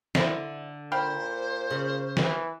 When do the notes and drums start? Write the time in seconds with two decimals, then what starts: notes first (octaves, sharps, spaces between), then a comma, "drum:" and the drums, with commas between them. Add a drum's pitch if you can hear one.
0.15 D3 E4 C5 A#5, drum: snare
0.92 A#2 C5 F5 G5 B5
1.71 C#3
2.17 E3, drum: snare